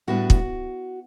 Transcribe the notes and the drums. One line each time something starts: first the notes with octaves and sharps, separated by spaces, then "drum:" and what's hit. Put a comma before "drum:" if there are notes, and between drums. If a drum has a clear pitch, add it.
A2 G3 B3 D4 F#4
drum: kick